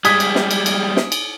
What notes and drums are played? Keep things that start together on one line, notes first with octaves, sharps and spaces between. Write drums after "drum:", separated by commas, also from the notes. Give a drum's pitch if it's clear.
G3 G#3 D#6 G#6 B6, drum: cymbal
drum: cymbal
drum: snare
drum: cymbal
drum: cymbal
drum: snare
drum: cymbal